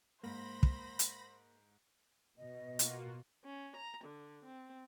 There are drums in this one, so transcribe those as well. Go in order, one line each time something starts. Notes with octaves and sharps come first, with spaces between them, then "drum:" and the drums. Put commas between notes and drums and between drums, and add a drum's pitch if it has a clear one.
G#2 A#3 C5 B5 A#6
drum: kick
drum: hi-hat
B2 D#5
A#3 F4 F#4, drum: hi-hat
C#4
A#5
D3
C4